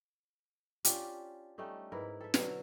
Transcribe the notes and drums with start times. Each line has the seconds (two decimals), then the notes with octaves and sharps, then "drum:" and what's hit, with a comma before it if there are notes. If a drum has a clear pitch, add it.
0.85 C#4 D4 F4 G4, drum: hi-hat
1.58 G3 A3 C#4 D#4
1.92 G#2 E4 A#4 B4
2.21 A4 E5
2.34 B2 D3 F#3, drum: snare